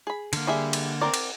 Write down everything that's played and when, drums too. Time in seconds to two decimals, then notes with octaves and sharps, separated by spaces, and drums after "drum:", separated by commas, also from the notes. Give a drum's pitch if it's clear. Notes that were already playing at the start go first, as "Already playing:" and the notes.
0.07 G#4 B5
0.33 D3 A#3, drum: cymbal
0.47 G3 G#4 E5
0.73 drum: cymbal
1.01 C4 A#4 D5
1.14 drum: cymbal